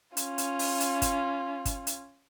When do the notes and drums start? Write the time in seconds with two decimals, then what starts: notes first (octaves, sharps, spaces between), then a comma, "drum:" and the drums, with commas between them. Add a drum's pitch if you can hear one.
0.17 C#4 F4, drum: hi-hat
0.38 drum: hi-hat
0.59 drum: open hi-hat
0.80 drum: hi-hat
1.02 drum: kick G1, hi-hat
1.65 drum: kick G1, hi-hat
1.87 drum: hi-hat